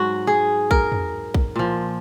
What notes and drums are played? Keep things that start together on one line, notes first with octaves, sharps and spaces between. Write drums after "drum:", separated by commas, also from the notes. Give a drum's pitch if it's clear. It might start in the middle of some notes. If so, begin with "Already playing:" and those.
Already playing: G#2 F#3 F#4
G#4
A#4, drum: kick
drum: tom
drum: kick
A#2 F3